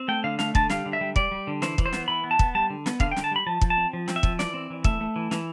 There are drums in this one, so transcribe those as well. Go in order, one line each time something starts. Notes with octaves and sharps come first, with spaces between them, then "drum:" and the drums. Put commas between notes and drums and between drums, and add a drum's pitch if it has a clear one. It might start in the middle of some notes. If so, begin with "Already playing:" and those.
Already playing: C4
A3 G5
D3 F5
A3 F5, drum: snare
D3 A5, drum: kick
G3 F5, drum: snare
D3
E5
G3
G3 D5, drum: kick
G3
D3
E3 C5, drum: snare
E3, drum: kick
C5
B3, drum: snare
E3 B5
B3
A5
B3, drum: kick
G3 A5
D3
B3, drum: snare
D3 F5, drum: kick
G5
D3, drum: snare
A5
G3 B5
F3 A5
F3, drum: kick
A5
C4
F3
C4, drum: snare
E5
F3, drum: kick
E3 D5, drum: snare
C4
E3
A3 E5, drum: kick
A3
E3
E3, drum: snare